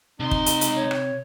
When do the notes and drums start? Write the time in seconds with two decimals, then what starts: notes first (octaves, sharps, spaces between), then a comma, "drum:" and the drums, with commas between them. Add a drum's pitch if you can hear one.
0.20 C#2 C3 D#4 C6
0.31 drum: kick
0.46 drum: hi-hat
0.61 drum: hi-hat
0.76 C#5
0.91 drum: rim click